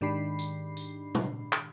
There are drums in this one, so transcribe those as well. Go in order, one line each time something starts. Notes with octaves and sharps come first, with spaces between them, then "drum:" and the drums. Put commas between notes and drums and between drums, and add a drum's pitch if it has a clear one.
G#2 D#3 D4 G4 B5 C7
drum: tambourine
drum: tambourine
drum: tom
drum: clap